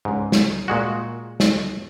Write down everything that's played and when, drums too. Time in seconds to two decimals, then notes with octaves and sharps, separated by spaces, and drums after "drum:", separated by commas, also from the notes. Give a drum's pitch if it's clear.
0.05 C#2 G#2
0.32 drum: snare
0.68 A#2 G#3 F#4
1.40 drum: snare